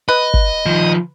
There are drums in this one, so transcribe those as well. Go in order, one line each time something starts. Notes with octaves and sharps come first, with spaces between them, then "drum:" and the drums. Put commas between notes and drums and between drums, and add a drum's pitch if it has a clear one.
B4 D#5
drum: kick
D#3 F3